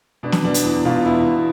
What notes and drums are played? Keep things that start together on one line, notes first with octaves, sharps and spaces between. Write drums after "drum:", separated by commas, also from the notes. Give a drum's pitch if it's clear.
B2 D4
drum: snare
B2 D4
drum: hi-hat
E2
B2 F4
E2 E4
B2